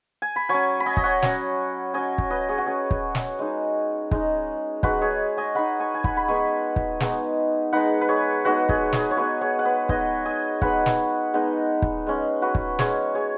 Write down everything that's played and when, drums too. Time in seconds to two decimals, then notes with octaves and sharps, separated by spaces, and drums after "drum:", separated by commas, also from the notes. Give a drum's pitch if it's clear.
0.22 G#5
0.36 B5
0.49 F#3 C#4 G#5 C#6
0.80 B5
0.86 D#5 G#5
0.97 D#5, drum: kick
1.03 C#5 F#5
1.22 F#3 C#4, drum: snare
1.94 F#3 C#4 D#5 G#5
2.18 drum: kick
2.30 B4 D#5
2.49 G#4 C#5
2.58 F#4
2.66 F#3 C#4 G#4
2.91 drum: kick
3.15 drum: snare
3.39 G#3 D#4
4.11 G#3 D#4, drum: kick
4.83 G#3 D#4 F#4 B4, drum: kick
5.01 G#4 C#5
5.37 D#5 G#5
5.55 G#3 D#4 F#5 B5
5.80 G#5 C#6
5.94 G#5
6.04 F#5 B5, drum: kick
6.17 B5
6.28 G#3 B3 D#4 G#5 C#6
6.76 drum: kick
7.00 G#3 B3 D#4, drum: snare
7.73 G#3 B3 D#4 F#5 B5
8.01 B4
8.09 G#4 C#5
8.45 G#3 B3 D#4 F#4 B4
8.69 G#4, drum: kick
8.93 G#4, drum: snare
9.11 C#5
9.17 G#3 B3 D#4 F#4 B4
9.41 G#4 C#5
9.59 F#5
9.65 B4 D#5
9.89 G#3 B3 D#4 D#5 G#5, drum: kick
10.25 D#5 G#5
10.62 G#3 B3 D#4 F#5 B5, drum: kick
10.86 drum: snare
11.34 G#3 B3 D#4
11.82 drum: kick
12.07 G#3 C#4
12.42 F#4 B4
12.55 drum: kick
12.79 G#3 C#4 G#4 C#5, drum: snare
13.15 G#4 C#5